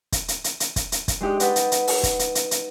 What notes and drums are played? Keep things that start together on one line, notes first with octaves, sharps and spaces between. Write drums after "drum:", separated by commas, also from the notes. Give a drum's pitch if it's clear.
drum: kick, hi-hat
drum: hi-hat
drum: hi-hat
drum: hi-hat
drum: kick, hi-hat
drum: hi-hat
drum: kick, hi-hat
G#3 D4 D#4 G4 D5 D#5
B4 D#5 F#5 G6 A6 B6, drum: hi-hat
drum: hi-hat
drum: hi-hat
drum: open hi-hat
drum: kick, hi-hat
drum: hi-hat
drum: hi-hat
drum: hi-hat